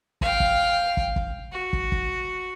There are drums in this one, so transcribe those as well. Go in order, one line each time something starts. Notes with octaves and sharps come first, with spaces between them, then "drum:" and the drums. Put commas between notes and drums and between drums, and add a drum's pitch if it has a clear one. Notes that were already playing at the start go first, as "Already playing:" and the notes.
F5 G5, drum: kick
drum: kick
drum: kick
drum: kick
F#4
drum: kick
drum: kick